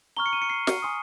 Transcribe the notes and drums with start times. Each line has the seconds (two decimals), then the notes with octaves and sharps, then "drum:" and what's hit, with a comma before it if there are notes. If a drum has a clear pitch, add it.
0.17 A#5 C#6 F6 G7
0.26 C#7
0.33 D#7
0.42 C#7
0.50 C7
0.67 drum: snare
0.82 G#5 C6 D#6